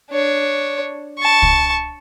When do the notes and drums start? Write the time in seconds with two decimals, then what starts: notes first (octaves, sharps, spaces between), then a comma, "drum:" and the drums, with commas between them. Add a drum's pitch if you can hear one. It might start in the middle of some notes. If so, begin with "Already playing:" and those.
0.10 D4 C#5
1.19 A5 C#6
1.42 drum: kick